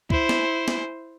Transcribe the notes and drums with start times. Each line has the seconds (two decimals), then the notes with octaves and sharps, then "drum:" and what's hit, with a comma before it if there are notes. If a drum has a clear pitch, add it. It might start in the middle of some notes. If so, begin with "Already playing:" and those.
0.10 E4 C5, drum: kick
0.29 drum: snare
0.68 drum: snare